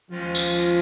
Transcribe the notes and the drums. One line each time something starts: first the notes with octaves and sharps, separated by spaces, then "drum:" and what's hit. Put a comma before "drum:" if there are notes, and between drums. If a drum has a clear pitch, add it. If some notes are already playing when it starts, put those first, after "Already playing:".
D#2 D#3 F3 G#3 C#4 F4
drum: tambourine